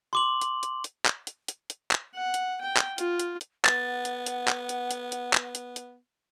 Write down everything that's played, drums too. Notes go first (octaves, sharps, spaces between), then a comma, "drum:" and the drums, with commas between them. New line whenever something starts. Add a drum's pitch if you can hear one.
C6 D6 F#7
drum: hi-hat
drum: hi-hat
drum: hi-hat
drum: clap
drum: hi-hat
drum: hi-hat
drum: hi-hat
drum: clap
F#5
drum: hi-hat
G5
drum: clap
F4, drum: hi-hat
drum: hi-hat
drum: hi-hat
B3 F#5 A6, drum: clap
drum: hi-hat
drum: hi-hat
drum: clap
drum: hi-hat
drum: hi-hat
drum: hi-hat
drum: clap
drum: hi-hat
drum: hi-hat